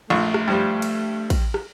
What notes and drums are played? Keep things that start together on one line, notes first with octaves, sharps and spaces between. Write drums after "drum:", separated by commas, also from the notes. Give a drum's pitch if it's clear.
A#1 A3 F4 C#6
drum: rim click
G2 F3 G3
drum: cymbal
drum: kick, cymbal
drum: rim click